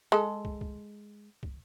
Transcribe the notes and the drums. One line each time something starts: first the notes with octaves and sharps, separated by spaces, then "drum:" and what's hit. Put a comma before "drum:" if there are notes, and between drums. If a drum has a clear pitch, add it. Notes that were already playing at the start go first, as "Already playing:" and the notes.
G#3 A4
drum: kick
drum: kick
drum: kick